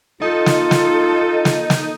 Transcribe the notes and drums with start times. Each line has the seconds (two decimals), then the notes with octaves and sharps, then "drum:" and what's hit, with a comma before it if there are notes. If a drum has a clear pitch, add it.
0.22 D#4 F4 A4
0.46 drum: snare
0.71 drum: snare
1.45 drum: snare
1.70 drum: snare